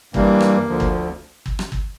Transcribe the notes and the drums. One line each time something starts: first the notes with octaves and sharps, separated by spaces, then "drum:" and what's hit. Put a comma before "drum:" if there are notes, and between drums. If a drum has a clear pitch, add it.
G2 E3 G3 A#3, drum: kick
drum: rim click
D2 D3 F3
drum: kick
drum: kick
drum: rim click
drum: kick